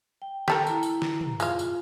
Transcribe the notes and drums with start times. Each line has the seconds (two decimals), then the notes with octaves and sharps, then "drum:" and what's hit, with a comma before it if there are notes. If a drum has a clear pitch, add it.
0.22 G5
0.48 G4 A4 A#4, drum: snare
0.67 E4 A#5, drum: tambourine
0.83 drum: tambourine
1.02 drum: snare
1.21 drum: tom
1.40 G#3 F4 F5, drum: tambourine
1.59 drum: tambourine